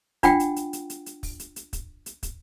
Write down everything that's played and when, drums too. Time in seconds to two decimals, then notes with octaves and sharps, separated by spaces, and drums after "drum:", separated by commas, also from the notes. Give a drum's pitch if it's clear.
0.23 D4 F4 F#5 G5, drum: kick, hi-hat
0.40 drum: hi-hat
0.56 drum: hi-hat
0.73 drum: hi-hat
0.90 drum: hi-hat
1.06 drum: hi-hat
1.23 drum: kick, open hi-hat
1.40 drum: hi-hat
1.56 drum: hi-hat
1.73 drum: kick, hi-hat
2.06 drum: hi-hat
2.23 drum: kick, hi-hat